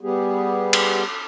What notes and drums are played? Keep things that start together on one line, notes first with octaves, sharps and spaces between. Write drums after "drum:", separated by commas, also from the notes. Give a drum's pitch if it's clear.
G3 B3 G4 G#4
drum: cymbal